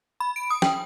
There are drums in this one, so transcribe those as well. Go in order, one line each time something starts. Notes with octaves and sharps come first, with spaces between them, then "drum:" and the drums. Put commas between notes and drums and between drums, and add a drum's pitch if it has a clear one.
B5
D7
D#6
G5, drum: snare